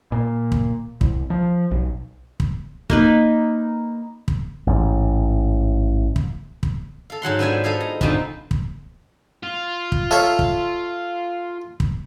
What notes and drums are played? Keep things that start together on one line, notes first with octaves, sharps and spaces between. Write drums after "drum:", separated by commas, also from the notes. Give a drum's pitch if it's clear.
A#2
drum: kick
C2, drum: kick
F3
B1
drum: kick
A#3 D#4 B4, drum: kick
drum: kick
A1 G#2
drum: kick
drum: kick
A4 F5
G#2 F#3 F#5 C6
B3 D4 F4 C5 E5 G#5
A4 D#5 F5 G#5
A#5
G#2 B2 D3 F3 C4 D#4, drum: kick
drum: kick
F4
drum: kick
A4 C#5 E5 F5
drum: kick
drum: kick